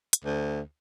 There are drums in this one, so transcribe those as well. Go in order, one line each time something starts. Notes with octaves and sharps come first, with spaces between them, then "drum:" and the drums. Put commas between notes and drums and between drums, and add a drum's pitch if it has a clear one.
drum: hi-hat
D2